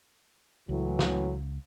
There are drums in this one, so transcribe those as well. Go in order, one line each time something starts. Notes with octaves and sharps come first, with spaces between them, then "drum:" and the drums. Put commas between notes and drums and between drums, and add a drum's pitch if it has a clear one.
C#2 A2 E3 F#3
drum: snare